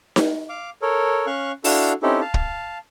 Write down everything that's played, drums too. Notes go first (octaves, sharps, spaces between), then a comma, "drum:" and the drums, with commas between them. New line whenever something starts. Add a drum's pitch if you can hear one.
drum: snare D#4
F5 D6
A4 A#4 C#5
C#4 F5 C#6 F#6
D4 E4 F#4 A4 F5, drum: open hi-hat
C4 C#4 D#4 E4 G4 A4
F5 A5
drum: kick